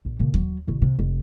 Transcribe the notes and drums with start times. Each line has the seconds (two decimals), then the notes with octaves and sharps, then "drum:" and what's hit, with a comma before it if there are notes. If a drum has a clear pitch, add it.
0.05 A#1
0.19 A#2 C#3
0.34 F#3, drum: kick D#2
0.67 A1 C#3
0.82 C3
0.99 F1